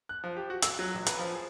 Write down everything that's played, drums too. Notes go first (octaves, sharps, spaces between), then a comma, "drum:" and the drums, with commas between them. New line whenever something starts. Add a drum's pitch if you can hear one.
F#6
F3
G4
F#4
E6, drum: hi-hat
F#3
A1
B4, drum: hi-hat
F3
G#4